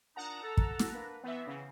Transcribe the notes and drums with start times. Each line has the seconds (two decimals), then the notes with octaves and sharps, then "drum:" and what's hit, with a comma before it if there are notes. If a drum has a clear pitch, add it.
0.16 A#2 D4 D#4 F#5 A5 A#5
0.42 A4
0.57 drum: kick
0.79 drum: snare
0.93 A#3 D4 B4
1.24 E3 B3 C4 E5
1.47 C#3